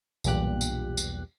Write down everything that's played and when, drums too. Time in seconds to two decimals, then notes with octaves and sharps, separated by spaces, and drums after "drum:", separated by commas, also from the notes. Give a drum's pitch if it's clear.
0.24 B1 E2 G2 A#2 G4 F#6, drum: tambourine
0.61 drum: tambourine
0.97 drum: tambourine